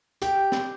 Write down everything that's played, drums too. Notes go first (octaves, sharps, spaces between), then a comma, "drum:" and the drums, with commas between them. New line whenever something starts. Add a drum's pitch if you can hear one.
G4 G5, drum: hi-hat
drum: snare